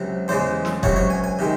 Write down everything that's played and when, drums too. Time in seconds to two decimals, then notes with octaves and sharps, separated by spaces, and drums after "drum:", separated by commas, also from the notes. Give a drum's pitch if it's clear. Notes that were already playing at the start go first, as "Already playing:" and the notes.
Already playing: C#2 C3 F#3
0.28 E2 C#3 G#3 C5
0.65 drum: snare
0.83 C#2 C3 F#3 C#5, drum: kick F#1
0.96 C#5
1.10 G#5
1.24 G#5
1.39 C3 D#3 G#3